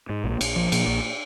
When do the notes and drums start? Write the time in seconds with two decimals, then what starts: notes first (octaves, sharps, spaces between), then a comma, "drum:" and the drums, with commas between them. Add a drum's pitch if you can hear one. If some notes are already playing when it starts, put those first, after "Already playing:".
0.09 G#2
0.24 A#1
0.41 A#1, drum: cymbal
0.56 F3
0.72 A#2, drum: cymbal
0.87 A#1